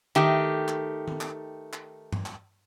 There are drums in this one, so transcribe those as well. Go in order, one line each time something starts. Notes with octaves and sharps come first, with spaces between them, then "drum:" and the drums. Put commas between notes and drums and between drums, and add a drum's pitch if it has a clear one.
D#3 A3 G4, drum: clap
drum: clap
drum: tom
drum: clap
drum: clap
drum: tom G2
drum: clap